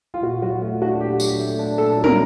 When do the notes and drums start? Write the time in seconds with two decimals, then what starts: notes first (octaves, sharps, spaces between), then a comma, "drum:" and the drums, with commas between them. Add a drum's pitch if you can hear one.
0.14 F4
0.22 A#2 F#4
0.42 F#3 F#4
0.62 A3
0.82 D4 F#4
1.00 A#2 G4
1.20 F#3, drum: tambourine
1.39 A3
1.59 D4
1.78 A#2 A4
1.97 F#3
2.04 A#4, drum: tom